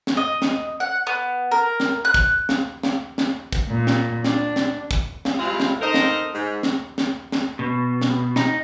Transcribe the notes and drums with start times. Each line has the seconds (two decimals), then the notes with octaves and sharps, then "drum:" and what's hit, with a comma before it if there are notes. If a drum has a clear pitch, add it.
0.07 drum: snare
0.17 D#5
0.42 drum: snare
0.80 F#5
1.07 B3
1.52 A#4
1.80 drum: snare
2.05 F#6
2.14 drum: kick, hi-hat
2.49 drum: snare
2.83 drum: snare
3.18 drum: snare
3.53 drum: kick, hi-hat
3.68 A#2
3.87 drum: snare
4.24 D4, drum: snare
4.56 drum: snare
4.91 drum: kick, hi-hat
5.25 drum: snare
5.38 G3 G#3 C4 E4 F4
5.60 drum: snare
5.80 D#4 A4 A#4 C5 D#5
5.94 drum: snare
6.33 G#2
6.63 drum: snare
6.98 drum: snare
7.32 drum: snare
7.59 B2
8.01 drum: snare
8.36 D#4, drum: snare